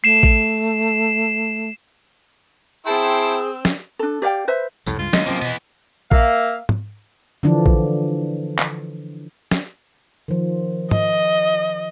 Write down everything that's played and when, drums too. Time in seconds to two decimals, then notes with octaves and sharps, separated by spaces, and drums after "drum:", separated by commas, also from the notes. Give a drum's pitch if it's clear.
0.04 A3 C7 E7
0.23 drum: kick A#1
2.86 C4 E4 G#4 G5 A5 C6 E6
3.65 drum: snare
3.99 D4 A4
4.22 G4 D5 F5 G5
4.48 B4 C5 E5
4.86 C2 F2 A2 C3, drum: tambourine
4.99 C#2 G2 G#3 F4
5.13 D#2 F#3 G#3 D#5, drum: snare
5.27 C3 F3 F#3 A#3 C4 C#4
5.42 B2 E3 B3
6.12 A#3 E5 F5, drum: kick A#1
6.69 drum: tom
7.43 D3 E3 F3 D4
7.66 drum: kick A#1
8.58 drum: clap
9.51 drum: snare
10.28 D#3 F3
10.91 D#5, drum: tom